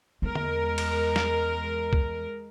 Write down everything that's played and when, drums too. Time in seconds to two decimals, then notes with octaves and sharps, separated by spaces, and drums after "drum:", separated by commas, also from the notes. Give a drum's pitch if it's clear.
0.22 E2 G#3 A#4
0.35 drum: tom D3
0.78 drum: cymbal
1.16 drum: snare
1.93 drum: kick